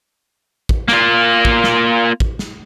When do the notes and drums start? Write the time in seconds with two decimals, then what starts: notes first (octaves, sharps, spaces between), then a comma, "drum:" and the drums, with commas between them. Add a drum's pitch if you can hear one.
0.69 drum: kick
0.88 A#3 F4, drum: snare
1.45 drum: kick
1.64 drum: snare
2.20 drum: kick
2.39 drum: snare